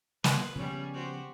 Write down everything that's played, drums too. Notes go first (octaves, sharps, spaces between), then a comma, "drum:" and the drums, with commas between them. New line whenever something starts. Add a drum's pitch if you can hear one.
F4 B4, drum: snare
C#3 F3 G3 B3 C#4
F#4 G4 C5